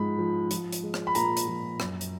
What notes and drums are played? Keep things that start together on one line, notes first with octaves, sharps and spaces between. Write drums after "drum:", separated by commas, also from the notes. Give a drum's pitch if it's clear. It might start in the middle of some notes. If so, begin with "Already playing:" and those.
Already playing: G#2 F3 G#3 B5
F3
F3, drum: hi-hat
drum: hi-hat
G#3
drum: rim click
B5
A#2 A#5, drum: hi-hat
drum: hi-hat
F3
F#2, drum: rim click
drum: hi-hat